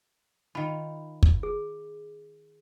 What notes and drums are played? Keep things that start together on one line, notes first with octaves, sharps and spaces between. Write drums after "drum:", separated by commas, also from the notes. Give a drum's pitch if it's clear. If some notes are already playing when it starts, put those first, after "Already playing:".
D#3 F4 B5
drum: kick
G#4